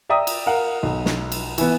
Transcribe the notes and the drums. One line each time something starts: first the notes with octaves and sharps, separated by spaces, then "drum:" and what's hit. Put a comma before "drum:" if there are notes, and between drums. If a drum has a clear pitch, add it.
D5 E5 G5 A#5 D#6
drum: cymbal
A#4 F5 F#5
B1
drum: snare
drum: cymbal
E3 B3, drum: cymbal